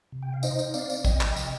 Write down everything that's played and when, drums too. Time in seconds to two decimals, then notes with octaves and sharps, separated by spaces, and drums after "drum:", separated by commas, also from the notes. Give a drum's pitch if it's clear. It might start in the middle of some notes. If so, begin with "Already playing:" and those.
0.12 C3
0.23 G5
0.34 F5
0.43 D#4 C5 D#5, drum: tambourine
0.59 drum: tambourine
0.74 C4 D5 F5, drum: tambourine
0.90 drum: tambourine
1.05 F3 D#5 G5, drum: kick, tambourine
1.21 drum: clap
1.36 C3, drum: tambourine